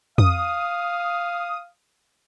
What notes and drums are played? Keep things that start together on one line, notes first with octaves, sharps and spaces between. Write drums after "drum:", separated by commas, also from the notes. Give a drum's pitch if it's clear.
F5 D#6, drum: tom F2